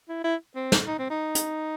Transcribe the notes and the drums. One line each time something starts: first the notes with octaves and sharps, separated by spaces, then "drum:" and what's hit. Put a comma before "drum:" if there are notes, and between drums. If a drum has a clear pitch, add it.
E4
E4
C4
drum: snare
D#4
C4
D#4
drum: hi-hat